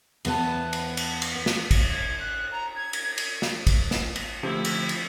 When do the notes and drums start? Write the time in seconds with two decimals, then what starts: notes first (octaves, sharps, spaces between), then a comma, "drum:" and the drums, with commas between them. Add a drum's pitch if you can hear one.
0.25 E2 B3 B4 A5, drum: cymbal
0.73 drum: cymbal
0.97 drum: cymbal
1.22 drum: cymbal
1.46 drum: snare
1.71 drum: kick, cymbal
1.90 G#6
2.20 F#6
2.52 A#5
2.76 G#6
2.93 drum: cymbal
3.18 drum: cymbal
3.42 drum: snare
3.67 drum: kick, cymbal
3.91 drum: snare
4.16 drum: cymbal
4.43 D2 F3 A3 C4 E4 G4
4.65 drum: cymbal
4.89 drum: cymbal